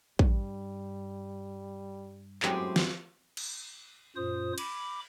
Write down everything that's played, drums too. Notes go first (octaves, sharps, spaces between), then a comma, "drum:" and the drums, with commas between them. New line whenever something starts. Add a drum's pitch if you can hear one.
G2 G3, drum: kick
F#2 A2 F#3 G#3 C4 G4, drum: clap
drum: snare
drum: cymbal
F#2 A#2 F4 C5 D#6
B5 D6, drum: cymbal